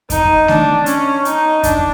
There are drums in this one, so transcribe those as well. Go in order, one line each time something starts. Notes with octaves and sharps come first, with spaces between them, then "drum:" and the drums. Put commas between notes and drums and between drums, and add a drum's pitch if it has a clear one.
D#4, drum: kick F2, hi-hat
D4, drum: snare A3
C#4, drum: hi-hat
D#4, drum: hi-hat
D4, drum: kick F2, hi-hat